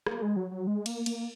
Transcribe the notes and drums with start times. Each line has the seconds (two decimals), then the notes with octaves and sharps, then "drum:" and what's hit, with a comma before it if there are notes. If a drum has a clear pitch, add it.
0.06 A#3, drum: rim click
0.22 G#3
0.36 F#3
0.51 F#3
0.67 G#3
0.86 A#3, drum: cymbal
1.06 A#3, drum: cymbal